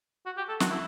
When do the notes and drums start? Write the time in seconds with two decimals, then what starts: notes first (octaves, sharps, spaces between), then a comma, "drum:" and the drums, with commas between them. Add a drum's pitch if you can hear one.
0.26 F#4
0.37 G4
0.49 A4
0.60 F#4, drum: snare
0.71 E4